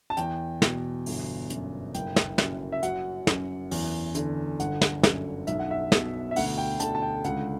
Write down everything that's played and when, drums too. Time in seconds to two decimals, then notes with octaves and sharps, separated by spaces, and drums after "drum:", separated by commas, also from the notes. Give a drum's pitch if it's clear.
0.10 A5
0.17 E2 G5, drum: hi-hat
0.62 B2, drum: snare
1.06 G1, drum: open hi-hat
1.50 F#2, drum: hi-hat
1.94 F#1 G5, drum: hi-hat
2.16 drum: snare
2.38 F#2, drum: snare
2.72 E5
2.83 F#3 F#5, drum: hi-hat
3.27 F#2, drum: snare
3.71 E2, drum: open hi-hat
4.15 D3, drum: hi-hat
4.60 G1 F#5, drum: hi-hat
4.81 drum: snare
5.03 F#2, drum: snare
5.47 B1 E5, drum: hi-hat
5.59 F#5
5.71 E5
5.92 B2, drum: snare
6.31 E5
6.36 D2 F#5, drum: open hi-hat
6.58 G5
6.80 D3 A5, drum: hi-hat
6.95 A5
7.02 G5
7.24 C#2 F#5, drum: hi-hat